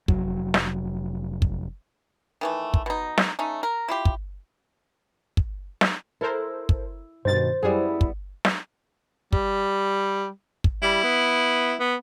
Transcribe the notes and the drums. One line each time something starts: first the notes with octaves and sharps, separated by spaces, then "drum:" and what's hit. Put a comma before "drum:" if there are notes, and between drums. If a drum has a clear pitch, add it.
F1 F#3, drum: kick
drum: snare
drum: kick
D#3 E3 A3
drum: kick
B2 D#4
drum: snare
A3 C#4 D#4
A#4
E4 F4 G4
drum: kick
drum: kick
drum: snare
E4 A4 A#4 C5
drum: kick
G2 B2 D#3 C5 A6
F#2 G3 B3 E4 G#4
drum: kick
drum: snare
G3, drum: kick
drum: kick
G3 E4
B3
B3